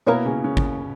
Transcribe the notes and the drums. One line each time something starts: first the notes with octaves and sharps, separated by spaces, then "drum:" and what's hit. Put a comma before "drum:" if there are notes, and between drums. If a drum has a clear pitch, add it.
B2 A#3 B3 E4 A#4 C#5
C#3 C#4
C#3 C#4
drum: kick